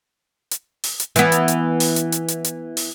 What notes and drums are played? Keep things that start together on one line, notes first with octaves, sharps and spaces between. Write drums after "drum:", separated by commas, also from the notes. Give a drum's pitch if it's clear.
drum: hi-hat
drum: open hi-hat
drum: hi-hat
E3 B3, drum: hi-hat
drum: hi-hat
drum: hi-hat
drum: open hi-hat
drum: hi-hat
drum: hi-hat
drum: hi-hat
drum: hi-hat
drum: open hi-hat